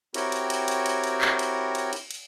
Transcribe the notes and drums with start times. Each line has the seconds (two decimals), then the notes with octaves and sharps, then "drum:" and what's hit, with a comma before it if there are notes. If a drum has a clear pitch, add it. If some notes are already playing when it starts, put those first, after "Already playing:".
0.14 C4 E4 F#4 G4 A#4 C#5, drum: cymbal
0.32 drum: cymbal
0.50 drum: cymbal
0.68 drum: cymbal
0.86 drum: cymbal
1.04 drum: cymbal
1.21 drum: clap
1.39 drum: cymbal
1.75 drum: cymbal
1.93 drum: cymbal
2.11 drum: cymbal